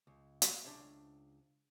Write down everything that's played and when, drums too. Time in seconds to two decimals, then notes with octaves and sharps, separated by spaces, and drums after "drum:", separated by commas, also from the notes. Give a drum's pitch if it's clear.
0.07 C#2
0.42 drum: hi-hat
0.65 C#2 D4 C5 C#5 E5